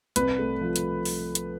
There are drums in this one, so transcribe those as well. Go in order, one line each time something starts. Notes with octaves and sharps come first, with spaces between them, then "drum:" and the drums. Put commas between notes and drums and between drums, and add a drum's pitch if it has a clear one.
C2 B4, drum: hi-hat
A3
F3
drum: hi-hat
drum: open hi-hat
drum: hi-hat